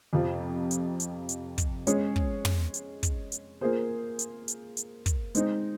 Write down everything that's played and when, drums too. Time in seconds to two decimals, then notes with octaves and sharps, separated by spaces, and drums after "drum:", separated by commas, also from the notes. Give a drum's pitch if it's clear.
0.13 F2 C3 F3
0.71 drum: hi-hat
1.00 drum: hi-hat
1.29 drum: hi-hat
1.58 drum: kick, hi-hat
1.87 G#3 C#4 G#4 C#5, drum: hi-hat
2.16 drum: kick
2.45 drum: tom
2.74 drum: hi-hat
3.03 drum: kick, hi-hat
3.32 drum: hi-hat
3.61 A#3 F4 G#4 C5
4.19 drum: hi-hat
4.48 drum: hi-hat
4.77 drum: hi-hat
5.06 drum: kick, hi-hat
5.35 G#3 C4 D#4, drum: hi-hat